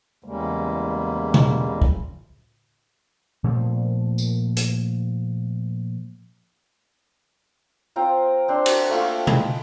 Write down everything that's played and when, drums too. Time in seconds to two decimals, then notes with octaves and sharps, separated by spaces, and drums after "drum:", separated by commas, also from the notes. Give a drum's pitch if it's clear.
0.24 E2 C#3 G3 G#3 A#3
1.34 drum: tom B2
1.82 drum: kick
3.44 A#2 F3 A3 C4
4.18 drum: tambourine
4.57 drum: hi-hat
7.96 C4 F4 G5 A#5
8.48 C4 D4 C6
8.66 F#4, drum: cymbal
8.89 A3 A#3 F4
9.27 G#3 B4 A5 D#6, drum: tom B2